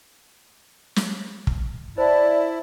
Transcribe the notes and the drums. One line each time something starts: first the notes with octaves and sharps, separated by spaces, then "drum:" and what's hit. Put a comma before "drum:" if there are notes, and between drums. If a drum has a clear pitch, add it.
drum: snare
drum: kick
E4 C5 D5 A5